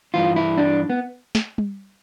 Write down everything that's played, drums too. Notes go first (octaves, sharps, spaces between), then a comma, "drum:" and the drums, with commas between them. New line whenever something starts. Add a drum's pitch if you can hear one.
G2 E3 F4
E4
D4
B3
drum: snare
drum: tom G3